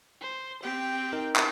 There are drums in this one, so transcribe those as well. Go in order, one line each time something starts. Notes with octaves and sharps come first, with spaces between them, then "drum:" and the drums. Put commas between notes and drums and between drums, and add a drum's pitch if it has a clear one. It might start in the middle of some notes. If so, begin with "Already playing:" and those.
C5
C4 G4 G5
D#4 A#4
drum: clap